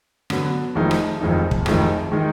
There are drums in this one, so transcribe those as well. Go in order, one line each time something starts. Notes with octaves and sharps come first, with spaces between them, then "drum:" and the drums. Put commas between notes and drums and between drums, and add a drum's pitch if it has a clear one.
D3 F#3 B3, drum: rim click
F1 F2 D#3 G#3 D#4
drum: rim click
F1 F2 D#3 G#3 D#4
drum: kick
F1 F2 D#3 G#3 D#4, drum: rim click
D#3 G#3 D#4